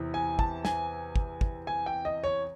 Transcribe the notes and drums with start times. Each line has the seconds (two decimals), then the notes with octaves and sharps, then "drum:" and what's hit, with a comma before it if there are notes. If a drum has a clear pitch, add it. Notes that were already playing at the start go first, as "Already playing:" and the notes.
Already playing: E2 C3 E3
0.14 G#5
0.39 A5, drum: kick
0.65 G#5, drum: snare
1.16 drum: kick
1.41 drum: kick
1.67 G#5
1.86 G5
2.05 D#5
2.24 C#5